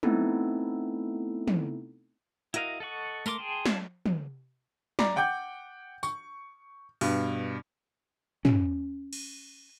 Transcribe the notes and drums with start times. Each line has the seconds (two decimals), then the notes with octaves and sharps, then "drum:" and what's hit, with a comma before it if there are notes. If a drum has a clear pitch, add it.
0.03 A3 B3 C4 D#4 E4 A4, drum: tom
1.48 drum: tom
2.54 E4 F#4 A#4 D#5 F5, drum: hi-hat
2.80 A4 D#5 F#5 C#6
3.26 A3 A#4 C6 D6, drum: tambourine
3.38 G#4 G5 A5 C6
3.66 C#5 D5 F5 A5, drum: snare
4.06 drum: tom
4.99 D5 A#5, drum: snare
5.16 F#5 G5 D6 G6
6.03 C#6, drum: tambourine
7.01 G2 B2, drum: open hi-hat
8.45 C#4, drum: tom
9.13 drum: cymbal